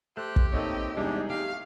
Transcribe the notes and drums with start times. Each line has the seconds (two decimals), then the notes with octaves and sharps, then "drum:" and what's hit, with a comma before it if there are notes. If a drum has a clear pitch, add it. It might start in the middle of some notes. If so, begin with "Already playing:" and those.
0.17 A3 G4 C5 F#6
0.36 drum: kick
0.52 A3 A#3 C4 D#4 C#5 D#5
0.97 E2 C3 E3 G3 G#3 D4 D#4 G#4
1.30 A3 G4 F5